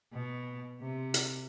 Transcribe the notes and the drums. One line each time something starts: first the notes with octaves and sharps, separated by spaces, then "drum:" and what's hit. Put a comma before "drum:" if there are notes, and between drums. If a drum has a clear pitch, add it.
B2
C3
drum: hi-hat